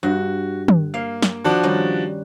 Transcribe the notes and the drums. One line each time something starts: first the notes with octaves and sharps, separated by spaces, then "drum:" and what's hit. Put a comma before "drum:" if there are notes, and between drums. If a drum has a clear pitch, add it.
G2 F#4
drum: tom
A#3 F5
drum: snare
F3 D4 F#4
D#3 G3 C#4